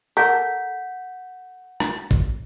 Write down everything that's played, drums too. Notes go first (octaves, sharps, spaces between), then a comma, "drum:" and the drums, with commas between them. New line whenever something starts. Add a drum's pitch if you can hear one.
A4 A#4 F#5 G6 B6
drum: rim click
drum: kick